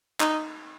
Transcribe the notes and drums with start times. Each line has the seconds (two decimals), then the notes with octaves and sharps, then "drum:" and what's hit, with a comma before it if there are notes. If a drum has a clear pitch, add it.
0.20 D#4, drum: clap